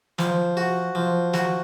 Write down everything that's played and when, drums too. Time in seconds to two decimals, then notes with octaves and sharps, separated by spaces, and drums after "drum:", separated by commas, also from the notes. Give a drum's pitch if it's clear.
0.18 F3, drum: snare
0.57 F#4
0.95 F3
1.34 F#4, drum: snare